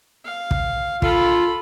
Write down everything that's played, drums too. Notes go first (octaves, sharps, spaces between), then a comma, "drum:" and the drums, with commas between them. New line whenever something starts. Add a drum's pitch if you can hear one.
F5
drum: kick
F4 A4 B5, drum: kick